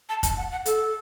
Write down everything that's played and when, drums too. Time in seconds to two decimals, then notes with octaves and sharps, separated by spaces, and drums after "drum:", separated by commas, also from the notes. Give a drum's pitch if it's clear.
0.09 A5
0.23 A5, drum: kick, hi-hat
0.37 F#5
0.51 F#5
0.66 A4, drum: hi-hat